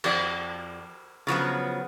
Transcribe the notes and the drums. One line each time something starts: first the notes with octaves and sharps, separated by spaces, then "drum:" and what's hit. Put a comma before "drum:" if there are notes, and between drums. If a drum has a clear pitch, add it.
F2 D5, drum: cymbal
C#3 F3 F#3 B3